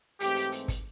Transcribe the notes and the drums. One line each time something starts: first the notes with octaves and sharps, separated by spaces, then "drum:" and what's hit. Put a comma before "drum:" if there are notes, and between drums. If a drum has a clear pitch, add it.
G#2 E3 A3 C4 G4, drum: hi-hat
drum: hi-hat
drum: hi-hat
drum: kick, hi-hat